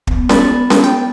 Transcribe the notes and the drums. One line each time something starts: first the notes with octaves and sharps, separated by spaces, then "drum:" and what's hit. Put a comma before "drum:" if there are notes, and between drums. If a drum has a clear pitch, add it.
B3, drum: kick
D5 B5, drum: snare C#4
drum: snare C#4
G5